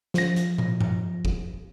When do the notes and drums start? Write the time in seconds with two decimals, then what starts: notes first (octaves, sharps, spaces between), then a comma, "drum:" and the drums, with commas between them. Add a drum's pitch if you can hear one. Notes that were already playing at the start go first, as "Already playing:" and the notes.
0.14 F3 A#6, drum: snare
0.36 drum: hi-hat
0.58 drum: tom
0.81 drum: tom G2
1.25 drum: kick G1